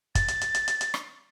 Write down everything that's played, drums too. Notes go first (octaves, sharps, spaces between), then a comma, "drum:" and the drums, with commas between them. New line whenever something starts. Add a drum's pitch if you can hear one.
A6, drum: kick, hi-hat
drum: hi-hat
drum: hi-hat
drum: hi-hat
drum: hi-hat
drum: hi-hat
drum: rim click